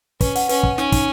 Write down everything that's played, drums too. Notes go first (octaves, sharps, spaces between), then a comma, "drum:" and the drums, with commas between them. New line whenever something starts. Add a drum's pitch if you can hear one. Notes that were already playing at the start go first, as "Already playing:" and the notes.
C#4 B4, drum: kick, hi-hat
F#5, drum: hi-hat
C#4 B4, drum: hi-hat
F#5, drum: kick
C#4 D#4, drum: snare
D#4, drum: kick, hi-hat